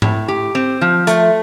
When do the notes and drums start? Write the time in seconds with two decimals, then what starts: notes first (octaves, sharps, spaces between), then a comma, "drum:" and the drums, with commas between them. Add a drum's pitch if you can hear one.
0.02 A2, drum: tom G#2
0.28 G4
0.55 C4
0.81 F3
1.07 A3, drum: hi-hat